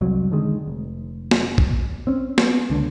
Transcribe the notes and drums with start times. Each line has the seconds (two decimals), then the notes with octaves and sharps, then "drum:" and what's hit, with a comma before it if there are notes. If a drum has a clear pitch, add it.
0.01 C2 F2 F3 F#3
0.31 D3 D#3 G#3
0.68 F1
1.31 drum: snare
1.58 drum: kick
2.07 C4 C#4
2.38 B3, drum: snare
2.70 C#2 D3